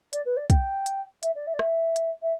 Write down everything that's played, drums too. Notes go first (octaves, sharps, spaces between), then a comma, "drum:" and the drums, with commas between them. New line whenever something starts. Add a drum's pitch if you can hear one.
D5, drum: hi-hat
B4
D5
G5, drum: kick, hi-hat
drum: hi-hat
E5, drum: hi-hat
D5
E5
D5
E5, drum: rim click
drum: hi-hat
E5